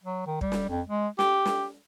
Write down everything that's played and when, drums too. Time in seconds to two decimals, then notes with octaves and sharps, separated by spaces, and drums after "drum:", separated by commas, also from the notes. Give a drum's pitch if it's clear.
0.03 F#3
0.26 D#3
0.41 G3, drum: kick
0.52 drum: snare
0.69 F2
0.87 G#3
1.19 G4, drum: snare
1.45 drum: snare